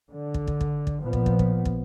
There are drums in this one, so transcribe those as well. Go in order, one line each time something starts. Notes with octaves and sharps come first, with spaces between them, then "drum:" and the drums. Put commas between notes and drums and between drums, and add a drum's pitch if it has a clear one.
D3
drum: kick
drum: kick
drum: kick
drum: kick
A#2 F3 B3
drum: kick
drum: kick
drum: kick
drum: kick